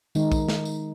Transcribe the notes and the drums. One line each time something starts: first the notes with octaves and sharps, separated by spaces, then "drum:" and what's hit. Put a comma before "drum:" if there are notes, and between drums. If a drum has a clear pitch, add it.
D#3 G#3 D#4, drum: tambourine
drum: kick A#1, tambourine
drum: snare
drum: tambourine